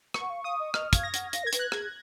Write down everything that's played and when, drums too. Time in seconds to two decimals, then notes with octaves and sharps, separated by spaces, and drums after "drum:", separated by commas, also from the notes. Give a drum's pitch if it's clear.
0.14 C#6, drum: rim click
0.21 F#5
0.30 F5
0.44 F5 D#6
0.60 D#5
0.74 D#5 F6, drum: rim click
0.93 F5 G#6, drum: kick, hi-hat
1.03 A#6
1.14 F#5, drum: hi-hat
1.33 F5 A#6, drum: hi-hat
1.44 A#4 G#6
1.53 B4, drum: hi-hat
1.59 F#6
1.72 G#4 G#6, drum: rim click